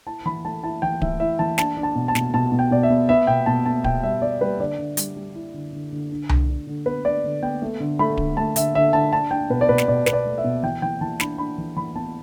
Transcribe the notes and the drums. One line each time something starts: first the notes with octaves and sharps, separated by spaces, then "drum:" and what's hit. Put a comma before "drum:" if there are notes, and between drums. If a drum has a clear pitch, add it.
E4 A5
E3 B5
A3 A5
E4 A5
E3 G5
E3 E5, drum: kick D1
E4 E5
E3 A5
D4 A5, drum: snare
D4
A5
B2
A5
B2, drum: snare
B2 A5
B2
G5
B2 D5
E5
B3
B3 E5
B2 G5
B2 A5
B3 A5
B2 G5, drum: kick D1
G3 E5
B3 D5
G3 B4
D3 D5
D3
G3, drum: hi-hat
G3
E4
D3
D3
D3
D4
D3, drum: tom C2
D4
D3
B3 B4
D4 D5
D3
B3 G5
A3
D3
A3 B5
D3, drum: kick D1
A3 A5
D3 E5, drum: hi-hat
D3 E5
D3 A5
D4 A5
D4 G5
B2 B4
D5
B2 B4
drum: snare
B2 D5
B2 B4, drum: snare
D5
A3
E5
B2
E3 G5
E3 G5
E3 A5
D4 B5, drum: snare
D4 B5
E3
E3 B5
B3 A5